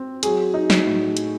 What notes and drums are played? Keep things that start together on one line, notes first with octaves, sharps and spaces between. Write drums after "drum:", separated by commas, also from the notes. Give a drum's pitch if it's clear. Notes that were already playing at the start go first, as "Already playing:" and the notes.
Already playing: C4
F#3 G#4, drum: hi-hat
D#4
drum: snare
A2
drum: hi-hat